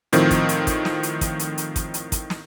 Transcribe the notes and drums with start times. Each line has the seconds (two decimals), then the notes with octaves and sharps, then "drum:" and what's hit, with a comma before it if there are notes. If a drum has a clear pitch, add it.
0.13 A2 D#3 F3 C4, drum: hi-hat
0.31 drum: kick, hi-hat
0.49 drum: hi-hat
0.67 drum: kick, hi-hat
0.85 drum: snare
1.03 drum: hi-hat
1.21 drum: kick, hi-hat
1.39 drum: hi-hat
1.58 drum: hi-hat
1.76 drum: kick, hi-hat
1.94 drum: hi-hat
2.12 drum: kick, hi-hat
2.30 drum: snare